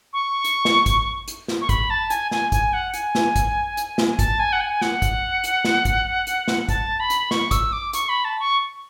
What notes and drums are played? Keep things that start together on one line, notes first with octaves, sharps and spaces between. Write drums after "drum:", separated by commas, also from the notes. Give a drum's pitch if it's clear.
C#6
drum: hi-hat
drum: snare
drum: kick, hi-hat
drum: hi-hat
drum: snare
C#6
B5, drum: kick, hi-hat
A5
G#5, drum: hi-hat
G#5, drum: snare
G#5, drum: kick, hi-hat
F#5
G#5, drum: hi-hat
drum: snare
drum: kick, hi-hat
drum: hi-hat
drum: snare
A5, drum: kick, hi-hat
G#5
F#5
G#5
F#5, drum: snare
drum: kick, hi-hat
drum: hi-hat
drum: snare
drum: kick, hi-hat
drum: hi-hat
drum: snare
A5, drum: kick, hi-hat
B5
drum: hi-hat
C#6, drum: snare
E6, drum: kick, hi-hat
D6
C#6, drum: hi-hat
B5
A5
C#6